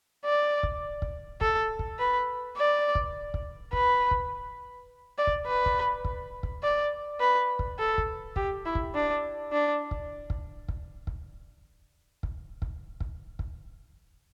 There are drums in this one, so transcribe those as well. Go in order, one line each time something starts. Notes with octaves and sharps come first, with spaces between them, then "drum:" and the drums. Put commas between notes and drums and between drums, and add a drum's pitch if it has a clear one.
D5
drum: kick
drum: kick
A4, drum: kick
drum: kick
B4
D5
drum: kick
drum: kick
B4, drum: kick
drum: kick
D5
drum: kick
B4
drum: kick
drum: kick
drum: kick
D5
B4
drum: kick
A4
drum: kick
G4, drum: kick
E4
drum: kick
D4
D4
drum: kick
drum: kick
drum: kick
drum: kick
drum: kick
drum: kick
drum: kick
drum: kick